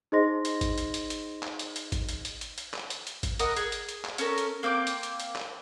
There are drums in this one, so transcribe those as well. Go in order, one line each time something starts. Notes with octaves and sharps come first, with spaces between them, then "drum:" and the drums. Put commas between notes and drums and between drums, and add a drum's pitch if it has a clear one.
D#4 G#4 C5 D#5 C6 A#6
drum: hi-hat
drum: kick, hi-hat
drum: hi-hat
drum: hi-hat
drum: hi-hat
drum: clap
drum: hi-hat
drum: hi-hat
drum: kick, hi-hat
drum: hi-hat
drum: hi-hat
drum: hi-hat
drum: hi-hat
drum: clap
drum: hi-hat
drum: hi-hat
drum: kick, hi-hat
A#4 D#5 F#5, drum: hi-hat
G#4, drum: hi-hat
drum: hi-hat
drum: hi-hat
drum: clap
C#4 A4 A#4, drum: hi-hat
drum: hi-hat
A#3 C4 G5 D6
drum: hi-hat
drum: hi-hat
drum: hi-hat
drum: clap